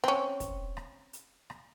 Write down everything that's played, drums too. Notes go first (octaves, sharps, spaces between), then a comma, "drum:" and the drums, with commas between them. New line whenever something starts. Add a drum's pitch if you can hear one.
C4 C#4, drum: rim click
drum: kick, hi-hat
drum: rim click
drum: hi-hat
drum: rim click